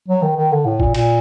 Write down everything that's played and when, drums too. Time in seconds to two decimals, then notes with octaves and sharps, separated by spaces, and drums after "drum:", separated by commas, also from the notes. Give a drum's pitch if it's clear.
0.08 F#3
0.22 D#3
0.36 D#3
0.52 D3
0.65 A2
0.80 A#2, drum: kick A1
0.94 A#2, drum: cymbal